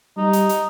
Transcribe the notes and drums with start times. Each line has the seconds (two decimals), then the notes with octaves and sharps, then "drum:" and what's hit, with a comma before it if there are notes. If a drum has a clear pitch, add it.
0.17 G3 D#4
0.33 drum: hi-hat
0.49 drum: hi-hat